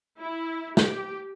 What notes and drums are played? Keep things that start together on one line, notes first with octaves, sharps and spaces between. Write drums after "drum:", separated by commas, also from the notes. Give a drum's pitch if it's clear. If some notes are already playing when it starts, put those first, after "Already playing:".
E4
G4, drum: snare